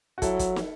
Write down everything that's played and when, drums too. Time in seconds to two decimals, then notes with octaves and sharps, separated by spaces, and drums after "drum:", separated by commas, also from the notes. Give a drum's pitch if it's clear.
0.18 F#4
0.22 F#3 E4 A4, drum: kick, hi-hat
0.39 drum: kick, hi-hat
0.56 drum: snare